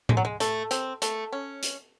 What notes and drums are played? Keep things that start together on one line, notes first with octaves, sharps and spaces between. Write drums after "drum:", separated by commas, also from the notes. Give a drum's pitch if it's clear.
G#3, drum: tom A2
F#3
G#3
A3, drum: hi-hat
C4, drum: hi-hat
A3, drum: hi-hat
C#4
drum: hi-hat